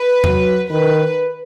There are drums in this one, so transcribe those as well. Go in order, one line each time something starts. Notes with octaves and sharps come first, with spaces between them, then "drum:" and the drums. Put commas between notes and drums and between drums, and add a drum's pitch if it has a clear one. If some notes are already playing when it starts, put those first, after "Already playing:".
Already playing: B4
F#3, drum: tom E2
D#3 B4